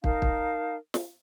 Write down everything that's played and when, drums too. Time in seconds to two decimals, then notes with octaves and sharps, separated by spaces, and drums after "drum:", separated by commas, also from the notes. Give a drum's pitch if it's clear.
0.04 D#4 A#4 F5 A5, drum: kick
0.22 drum: kick
0.94 drum: snare